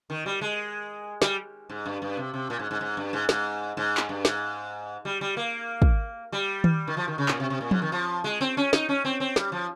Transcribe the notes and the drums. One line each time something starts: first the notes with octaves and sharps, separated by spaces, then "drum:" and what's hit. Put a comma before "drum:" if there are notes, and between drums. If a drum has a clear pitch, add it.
D#3
G3
G#3
G3, drum: snare
G#2
G2
G2
C3
C3
A#2
G#2
G#2
G#2
G2
G#2
G#2, drum: snare
G#2
drum: clap
G2
G#2, drum: snare
G3
G3
A#3
drum: kick
G3
drum: tom D#3
D#3
F3
D#3
C#3
A#2, drum: clap
C3
C3
A#2
G#2, drum: tom F3
D#3
F3
G#3
C4
C#4
D#4, drum: snare
C#4
C4
C4
G3, drum: snare
F3